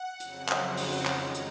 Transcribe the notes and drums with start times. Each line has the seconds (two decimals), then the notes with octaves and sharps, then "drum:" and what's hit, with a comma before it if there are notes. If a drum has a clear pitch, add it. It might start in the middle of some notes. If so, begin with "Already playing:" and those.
Already playing: F#5
0.20 F2 C#3 F#3 C4, drum: hi-hat
0.49 drum: clap
0.77 drum: open hi-hat
1.05 F#2 D#3 G#3 A#5, drum: clap
1.34 drum: hi-hat